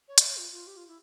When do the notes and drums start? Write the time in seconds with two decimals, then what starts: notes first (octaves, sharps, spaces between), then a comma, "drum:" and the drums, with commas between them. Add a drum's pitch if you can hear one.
0.08 C#5
0.18 D5, drum: hi-hat
0.27 C#5
0.37 F4
0.52 F4
0.67 G4
0.77 F4
0.87 E4